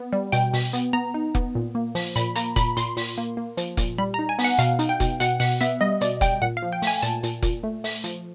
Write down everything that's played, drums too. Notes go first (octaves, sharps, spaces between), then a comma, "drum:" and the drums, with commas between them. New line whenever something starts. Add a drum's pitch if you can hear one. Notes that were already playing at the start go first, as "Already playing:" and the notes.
Already playing: B3
G3
B2 G5, drum: hi-hat
B2, drum: open hi-hat
B3, drum: hi-hat
B3 A#5
D#4
B3, drum: kick F1
A#2
A#3
F3, drum: open hi-hat
A#2 B5, drum: hi-hat
A#3 A#5, drum: hi-hat
A#2 B5, drum: kick F1, hi-hat
A#2 C6, drum: hi-hat
A#2, drum: open hi-hat
A#3
A#3
F3, drum: hi-hat
A#2, drum: kick F1, hi-hat
G3 B5
A#5
D#4
G#5
B3, drum: open hi-hat
F#5
B2 F5, drum: hi-hat
D#4, drum: hi-hat
G5
B2, drum: kick F1, hi-hat
B2 F#5, drum: hi-hat
B2 F#5, drum: open hi-hat
B3 E5, drum: hi-hat
G3 D#5
B2 D5, drum: hi-hat
G3 G5, drum: kick F1, hi-hat
A#2 F#5
F5
F3
G5
A3 G#5, drum: open hi-hat
A#2 A5, drum: hi-hat
A#2, drum: hi-hat
A#2, drum: kick F1, hi-hat
A3
A3, drum: open hi-hat
F3, drum: hi-hat